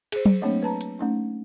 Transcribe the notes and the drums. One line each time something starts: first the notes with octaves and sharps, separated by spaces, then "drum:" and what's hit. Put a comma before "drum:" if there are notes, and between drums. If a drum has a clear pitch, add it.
G#4 C5, drum: cymbal
drum: tom F#3
F#3 A3 A#3 C4 D4 C#5
B4 A5 A#5
drum: hi-hat
A3 C#4 D#4